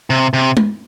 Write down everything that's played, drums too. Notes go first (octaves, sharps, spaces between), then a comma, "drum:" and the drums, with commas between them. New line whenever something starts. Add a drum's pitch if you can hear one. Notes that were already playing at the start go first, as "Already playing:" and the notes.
C3
C3
drum: tom G#3